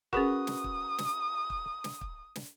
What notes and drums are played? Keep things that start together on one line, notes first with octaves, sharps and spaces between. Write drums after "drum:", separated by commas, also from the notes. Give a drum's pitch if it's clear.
C#4 F#4 G#4 A#4 B4 D#6, drum: kick
drum: snare
drum: kick
drum: snare
drum: kick
drum: snare
drum: kick
drum: snare